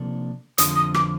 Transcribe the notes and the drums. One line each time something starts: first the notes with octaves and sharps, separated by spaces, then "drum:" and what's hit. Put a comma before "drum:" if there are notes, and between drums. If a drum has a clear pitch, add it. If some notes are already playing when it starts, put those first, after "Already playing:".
Already playing: C3 F3 A#3 D4 A4
F2 D3 F3 D#6, drum: hi-hat
D#6
D6, drum: rim click